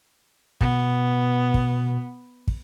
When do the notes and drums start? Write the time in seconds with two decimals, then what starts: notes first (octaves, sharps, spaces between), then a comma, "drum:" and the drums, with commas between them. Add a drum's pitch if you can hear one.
0.61 B2 B3, drum: kick
1.54 drum: kick
2.48 drum: kick